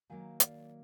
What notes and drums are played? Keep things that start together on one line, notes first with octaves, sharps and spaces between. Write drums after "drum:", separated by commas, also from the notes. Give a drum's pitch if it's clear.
D#3 F#3 A#3 F5 G#5
D5 F5, drum: hi-hat